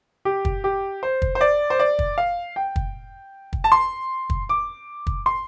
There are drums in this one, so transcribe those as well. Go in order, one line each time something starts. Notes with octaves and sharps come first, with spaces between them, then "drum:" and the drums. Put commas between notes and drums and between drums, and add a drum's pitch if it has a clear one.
G4
drum: kick
G4
C5
drum: kick
C5
D5
C5
D5
drum: kick
F5
G5
drum: kick
drum: kick
A5
C6
drum: kick
D6
drum: kick
C6